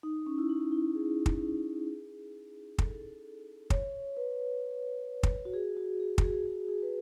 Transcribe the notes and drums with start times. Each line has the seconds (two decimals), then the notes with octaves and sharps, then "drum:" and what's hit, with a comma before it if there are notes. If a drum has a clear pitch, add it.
0.03 D#4
0.27 C#4
0.38 E4
0.49 D#4
0.72 E4
0.95 G#4
1.26 drum: kick
2.78 A4, drum: kick
3.70 C#5, drum: kick
4.17 B4
5.23 drum: kick
5.45 F#4
5.54 G#4
5.77 F#4
6.00 G#4
6.18 F#4, drum: kick
6.23 G#4
6.46 G#4
6.69 G#4
6.82 B4